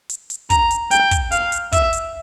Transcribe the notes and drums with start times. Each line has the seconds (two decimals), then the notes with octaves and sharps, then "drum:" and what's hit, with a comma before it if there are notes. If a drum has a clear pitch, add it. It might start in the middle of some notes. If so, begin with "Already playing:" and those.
0.09 drum: hi-hat
0.30 drum: hi-hat
0.50 A#5, drum: kick, hi-hat
0.71 drum: hi-hat
0.91 G5, drum: hi-hat
1.11 drum: kick, hi-hat
1.32 F5, drum: hi-hat
1.52 drum: hi-hat
1.72 E5, drum: kick, hi-hat
1.93 drum: hi-hat